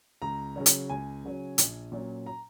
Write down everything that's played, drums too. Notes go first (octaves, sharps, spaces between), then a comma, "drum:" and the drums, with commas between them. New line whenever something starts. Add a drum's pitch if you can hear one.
C#2 A#5
C#3 F#3 C#4
drum: hi-hat
C#2 G#5
C#3 F#3 C#4
A#1, drum: hi-hat
A#2 F#3 C#4
A#5